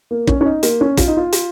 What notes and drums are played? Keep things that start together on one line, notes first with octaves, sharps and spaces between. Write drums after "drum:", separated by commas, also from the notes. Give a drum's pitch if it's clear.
A#3
C#4, drum: kick
C#4
D#4
A#3, drum: hi-hat
C#4
F4, drum: kick, hi-hat
D#4
F4
drum: hi-hat